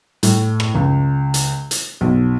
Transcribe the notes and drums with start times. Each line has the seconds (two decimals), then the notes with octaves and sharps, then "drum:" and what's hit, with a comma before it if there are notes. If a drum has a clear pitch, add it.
0.23 A2, drum: hi-hat
0.60 drum: rim click
0.75 C#2
1.34 drum: hi-hat
1.71 drum: hi-hat
2.01 B1